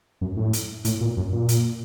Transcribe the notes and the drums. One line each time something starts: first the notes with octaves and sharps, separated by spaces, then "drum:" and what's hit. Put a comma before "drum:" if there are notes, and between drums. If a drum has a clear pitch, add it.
F#2
A2
drum: hi-hat
A2, drum: hi-hat
A#2
F#2
A#2
drum: hi-hat